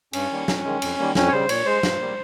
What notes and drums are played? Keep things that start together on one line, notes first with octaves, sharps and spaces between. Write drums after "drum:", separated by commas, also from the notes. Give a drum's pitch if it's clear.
G2 C#4, drum: cymbal
D#3 G3 A#3
F2, drum: snare
D#3 G#3
F2, drum: cymbal
D#3 G3 A#3
F2 C#4, drum: snare
C#5
C#3 G3 C5
A#2 C#5, drum: cymbal
G#3 C5
G2, drum: snare
G3 A#3